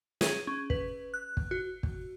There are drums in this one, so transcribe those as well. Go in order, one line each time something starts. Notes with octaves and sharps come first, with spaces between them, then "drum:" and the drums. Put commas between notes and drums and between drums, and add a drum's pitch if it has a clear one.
G#4, drum: snare
C#4
B4, drum: kick
F#6
drum: kick
F#4
drum: kick